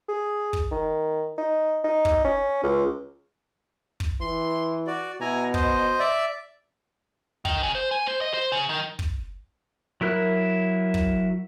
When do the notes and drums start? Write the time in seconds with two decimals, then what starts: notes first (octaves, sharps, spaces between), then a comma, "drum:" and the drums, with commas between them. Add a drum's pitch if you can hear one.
0.09 G#4
0.53 drum: kick
0.71 D#3
1.38 D#4
1.84 D#4
2.05 drum: kick
2.24 C#4
2.63 C#2
4.00 drum: kick
4.21 E3 C6
4.87 F#4 D5
5.21 B2 E4 G#5 A#5
5.54 C5 D#5, drum: kick
6.00 D5 E5
7.45 D#3, drum: kick
7.63 C#3
7.75 C5
7.91 G#5
8.06 C5
8.21 D#5
8.34 C5
8.52 C#3
8.69 D#3
8.99 drum: kick
10.01 F#3 E4 A#4 F#6
10.94 drum: kick